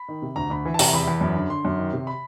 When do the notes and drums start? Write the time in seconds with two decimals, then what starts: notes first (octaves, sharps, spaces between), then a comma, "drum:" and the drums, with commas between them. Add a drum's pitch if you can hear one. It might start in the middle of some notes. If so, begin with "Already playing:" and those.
Already playing: B5
0.08 D#3
0.22 C3
0.36 D2 A#5
0.50 D2 B5
0.65 E3
0.74 A5
0.79 C3 A#5, drum: open hi-hat
0.94 E2 B5
1.08 E2
1.21 F#2
1.35 D3
1.50 D3 C6
1.65 F#2
1.78 D#3
1.93 C3
2.07 B5